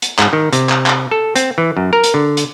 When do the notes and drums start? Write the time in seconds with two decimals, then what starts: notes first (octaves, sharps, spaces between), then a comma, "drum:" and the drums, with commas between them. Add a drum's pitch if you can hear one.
0.02 drum: hi-hat
0.19 G#2, drum: clap
0.33 D#3
0.53 C3, drum: hi-hat
0.69 drum: clap
0.86 drum: clap
1.11 A4
1.36 C4, drum: hi-hat
1.58 E3
1.77 F#2
1.93 A#4
2.04 drum: hi-hat
2.14 D3
2.37 drum: hi-hat